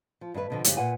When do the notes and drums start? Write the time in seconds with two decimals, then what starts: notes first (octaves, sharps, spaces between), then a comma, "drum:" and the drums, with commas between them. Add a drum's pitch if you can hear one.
0.21 F3
0.34 G2 D#3 G4 B4
0.50 B2 D3 F3
0.64 F#2 C#3 G3 D#4 G4 C5, drum: hi-hat
0.77 A#2 F4 B4 F#5 G#5